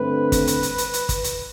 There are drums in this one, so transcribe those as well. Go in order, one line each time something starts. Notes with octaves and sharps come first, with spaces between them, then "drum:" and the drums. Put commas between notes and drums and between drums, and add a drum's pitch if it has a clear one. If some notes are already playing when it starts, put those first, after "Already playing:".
Already playing: G2 D3 A3 C4 B4
drum: kick, hi-hat
drum: hi-hat
drum: hi-hat
drum: hi-hat
drum: hi-hat
drum: kick, hi-hat
drum: hi-hat